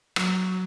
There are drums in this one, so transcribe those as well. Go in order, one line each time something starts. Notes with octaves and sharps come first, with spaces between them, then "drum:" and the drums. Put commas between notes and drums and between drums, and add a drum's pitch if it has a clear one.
F#3, drum: rim click